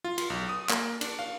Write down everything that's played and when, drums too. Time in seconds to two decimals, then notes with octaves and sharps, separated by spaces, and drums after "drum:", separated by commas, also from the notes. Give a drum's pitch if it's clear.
0.04 F4
0.18 F4, drum: cymbal
0.30 B1
0.49 D#6
0.69 A#3, drum: clap
1.01 D4, drum: cymbal
1.19 F5